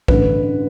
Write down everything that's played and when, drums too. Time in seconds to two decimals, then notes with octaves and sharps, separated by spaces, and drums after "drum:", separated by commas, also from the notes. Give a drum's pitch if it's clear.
0.08 A1 G2 D3 B4, drum: kick